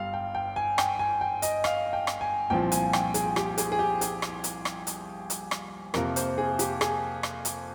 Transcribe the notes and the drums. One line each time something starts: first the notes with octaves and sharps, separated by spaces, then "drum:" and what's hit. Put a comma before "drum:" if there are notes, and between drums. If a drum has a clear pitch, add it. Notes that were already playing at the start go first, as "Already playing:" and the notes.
Already playing: G1 G2 G3 F5 G5
G5
G5
G#5
G5, drum: rim click
G#5
G5
D#5, drum: hi-hat
F5, drum: rim click
G5
drum: rim click
G#5
C2 A#2 F3 C4 G5
G#5, drum: hi-hat
G5, drum: rim click
G#4, drum: hi-hat
G4, drum: rim click
G#4, drum: hi-hat
G#4
G4
G#4, drum: hi-hat
drum: rim click
drum: hi-hat
drum: rim click
drum: hi-hat
drum: hi-hat
drum: rim click
F2 C3 F3 A#3 A#4, drum: rim click
C5, drum: hi-hat
G#4
G4, drum: hi-hat
G#4, drum: rim click
drum: rim click
drum: hi-hat